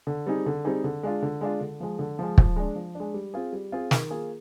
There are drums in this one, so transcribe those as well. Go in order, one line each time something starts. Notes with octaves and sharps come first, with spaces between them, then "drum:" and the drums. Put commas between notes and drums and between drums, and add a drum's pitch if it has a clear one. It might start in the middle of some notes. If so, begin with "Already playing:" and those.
D3
G3 C4 D#4 G#4
D3
G3 C4 D#4 G#4
D3
G#3 D4 F4
D3
G#3 D4 F4
D3
F3 G#3
D3
F3 G#3
F3, drum: kick
G#3 D4
F3
G#3 D4
G3
C4 F4 G#4
G3
C4 F4 G#4
D#3, drum: snare
A#3 F4 G#4